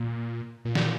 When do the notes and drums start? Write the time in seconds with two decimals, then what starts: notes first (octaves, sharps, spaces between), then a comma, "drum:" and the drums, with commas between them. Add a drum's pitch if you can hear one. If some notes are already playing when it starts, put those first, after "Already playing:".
Already playing: A#2
0.65 A#2
0.75 drum: snare